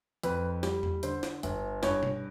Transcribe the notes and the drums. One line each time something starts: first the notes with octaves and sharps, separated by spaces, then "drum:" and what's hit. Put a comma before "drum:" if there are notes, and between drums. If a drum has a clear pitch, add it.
F2 B4, drum: hi-hat
G3, drum: snare
drum: tom E2
D3 C5, drum: hi-hat
drum: snare
G1, drum: hi-hat
G2 C#5, drum: snare
drum: tom B2